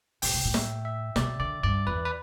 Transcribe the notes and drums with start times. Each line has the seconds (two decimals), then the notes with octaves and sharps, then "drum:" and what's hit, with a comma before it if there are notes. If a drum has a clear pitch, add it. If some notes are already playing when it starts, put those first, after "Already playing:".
0.22 A2 G5, drum: open hi-hat
0.34 B2
0.45 A2
0.54 E5, drum: snare
0.85 E5
1.16 B2 D5, drum: snare
1.40 D3 D5
1.63 G2 D5
1.87 E2 B4
2.05 B4